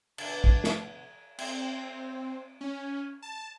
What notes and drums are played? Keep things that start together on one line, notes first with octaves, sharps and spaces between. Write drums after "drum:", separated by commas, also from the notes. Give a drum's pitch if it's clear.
B2 D3 D4 A6, drum: cymbal
drum: kick
drum: snare
C4, drum: cymbal
C#4
A5